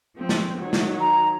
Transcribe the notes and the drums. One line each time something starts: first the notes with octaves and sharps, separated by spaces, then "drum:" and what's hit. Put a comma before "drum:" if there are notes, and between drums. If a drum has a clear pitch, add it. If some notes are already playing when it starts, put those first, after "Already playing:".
F3 C4
drum: snare
D#3 F#3
drum: snare
A#5